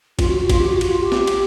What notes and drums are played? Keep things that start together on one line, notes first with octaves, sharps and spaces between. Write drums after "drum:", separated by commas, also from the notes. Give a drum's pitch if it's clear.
F4, drum: kick A1, cymbal
F#4
F#4
F4, drum: kick A1, cymbal
G4
F#4
F#4, drum: cymbal
F4
G4
drum: snare
drum: cymbal